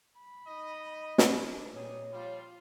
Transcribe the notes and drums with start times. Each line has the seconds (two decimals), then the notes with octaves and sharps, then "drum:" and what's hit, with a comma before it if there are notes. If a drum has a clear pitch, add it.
0.17 B5
0.46 D#4 D#5
1.18 drum: snare
1.37 D4 B4
1.75 A#2 G3 D#4 G#4 C#5
2.12 F3 G3 F4